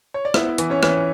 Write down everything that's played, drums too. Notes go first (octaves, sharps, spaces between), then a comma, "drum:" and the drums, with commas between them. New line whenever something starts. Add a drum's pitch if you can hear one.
C#5
D5
B3 E4 E5, drum: rim click
E3, drum: hi-hat
C#4 C#5
E3, drum: rim click